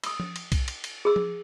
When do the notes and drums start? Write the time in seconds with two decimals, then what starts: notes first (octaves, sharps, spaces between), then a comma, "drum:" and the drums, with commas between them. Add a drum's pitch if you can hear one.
0.04 D#6 E6, drum: cymbal
0.20 drum: tom F3
0.36 drum: cymbal
0.52 drum: kick B1, cymbal
0.68 drum: cymbal
0.84 drum: cymbal
1.05 G#4 E6
1.16 drum: tom F3